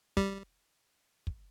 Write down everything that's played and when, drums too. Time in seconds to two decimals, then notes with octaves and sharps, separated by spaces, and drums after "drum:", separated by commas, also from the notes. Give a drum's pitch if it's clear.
0.17 G3, drum: kick
1.27 drum: kick